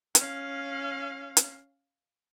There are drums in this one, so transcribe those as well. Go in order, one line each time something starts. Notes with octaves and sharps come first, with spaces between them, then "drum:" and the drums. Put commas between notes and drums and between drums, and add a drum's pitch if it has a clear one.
C#4 F5, drum: hi-hat
drum: hi-hat